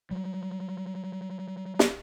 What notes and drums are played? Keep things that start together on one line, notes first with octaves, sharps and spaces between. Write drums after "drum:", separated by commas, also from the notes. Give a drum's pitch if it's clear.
F#3 G3
drum: snare